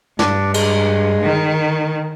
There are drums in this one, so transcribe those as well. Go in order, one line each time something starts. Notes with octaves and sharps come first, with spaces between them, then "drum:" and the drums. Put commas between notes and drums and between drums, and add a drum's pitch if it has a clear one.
G2 D4, drum: snare
G#3, drum: cymbal
D#3